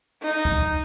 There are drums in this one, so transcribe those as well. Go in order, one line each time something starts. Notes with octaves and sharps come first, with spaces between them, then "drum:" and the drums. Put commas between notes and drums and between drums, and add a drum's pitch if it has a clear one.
D#4
drum: kick